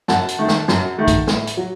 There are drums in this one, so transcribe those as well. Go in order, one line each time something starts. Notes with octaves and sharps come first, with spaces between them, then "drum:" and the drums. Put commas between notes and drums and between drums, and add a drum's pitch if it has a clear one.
F#2 F#5 A5, drum: snare
drum: hi-hat
D#3 A3
drum: snare
F#2, drum: snare
D#3 A3
drum: kick, hi-hat
A2, drum: snare
drum: hi-hat
F#3